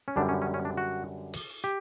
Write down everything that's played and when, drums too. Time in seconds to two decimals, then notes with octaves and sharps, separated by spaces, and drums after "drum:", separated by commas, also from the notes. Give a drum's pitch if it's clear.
0.08 C#4
0.16 F#2 D3 G3 D4
0.29 C#4
0.42 C#4
0.54 C#4
0.65 D4
0.77 F#4
1.33 drum: open hi-hat
1.64 G4